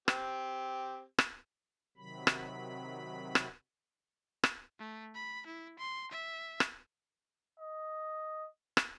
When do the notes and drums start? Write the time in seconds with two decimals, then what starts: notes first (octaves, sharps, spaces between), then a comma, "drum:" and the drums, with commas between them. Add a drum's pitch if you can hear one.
0.08 C4 G4, drum: rim click
1.19 drum: rim click
1.97 C3 D#3 F#3 B5
2.27 drum: rim click
3.35 drum: rim click
4.44 drum: rim click
4.79 A3
5.15 B5
5.46 E4
5.79 C6
6.11 E5
6.60 drum: rim click
7.60 D#5
8.77 drum: rim click